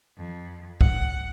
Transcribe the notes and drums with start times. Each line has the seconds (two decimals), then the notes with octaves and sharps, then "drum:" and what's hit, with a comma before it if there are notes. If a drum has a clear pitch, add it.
0.17 F2
0.81 F#5, drum: kick